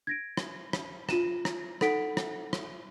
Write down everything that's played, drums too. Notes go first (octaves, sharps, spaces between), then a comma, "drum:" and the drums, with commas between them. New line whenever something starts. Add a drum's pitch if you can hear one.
G#6 A#6 D7
drum: rim click
drum: rim click
F4 D#7 E7, drum: rim click
drum: rim click
D#4 A4 F#5 B6 D7, drum: rim click
drum: rim click
drum: rim click